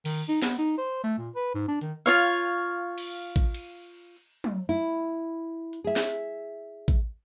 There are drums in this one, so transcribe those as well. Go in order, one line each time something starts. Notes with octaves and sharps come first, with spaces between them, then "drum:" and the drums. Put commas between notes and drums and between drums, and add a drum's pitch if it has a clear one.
D#3, drum: cymbal
D#4
B3, drum: snare
D#4
C5
A3
A#2
B4
G#2
D4
D#3, drum: hi-hat
F4 C#5 F5
drum: cymbal
drum: kick A1
drum: cymbal
drum: tom
E4
drum: hi-hat
G#4 E5
drum: snare
drum: kick A1